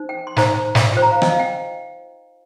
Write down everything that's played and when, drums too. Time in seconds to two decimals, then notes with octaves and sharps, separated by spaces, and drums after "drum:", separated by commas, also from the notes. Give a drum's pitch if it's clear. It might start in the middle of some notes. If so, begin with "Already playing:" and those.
Already playing: D#4 C5
0.09 G5
0.27 C6
0.36 D#4 C5 A#5, drum: snare
0.75 drum: snare
0.92 F4 C5 G5
1.02 A#5
1.12 F5
1.22 D#5, drum: rim click
1.31 F5
1.39 G5